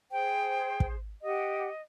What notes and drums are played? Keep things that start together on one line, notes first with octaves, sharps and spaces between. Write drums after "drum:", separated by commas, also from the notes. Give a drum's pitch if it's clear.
G#4 C5 G5
drum: kick
G4 D#5 F#5